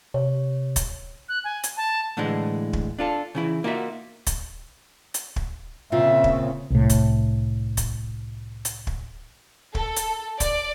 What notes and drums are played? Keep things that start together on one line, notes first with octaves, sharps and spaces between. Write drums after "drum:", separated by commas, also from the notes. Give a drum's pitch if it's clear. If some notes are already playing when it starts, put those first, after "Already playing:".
C3 C#5
drum: kick, hi-hat
F#6
G#5
drum: hi-hat
A5
A2 D3 E3 G#3
drum: kick
D4 F4 A4
C#3 E3 E4
A#3 D#4 F4 F#4 E5
drum: kick, hi-hat
drum: hi-hat
drum: kick
A#2 C#3 C4 F4 E5
drum: kick
C2 A2
drum: kick, hi-hat
drum: kick, hi-hat
drum: hi-hat
drum: kick
A4, drum: kick
drum: hi-hat
D5, drum: kick, hi-hat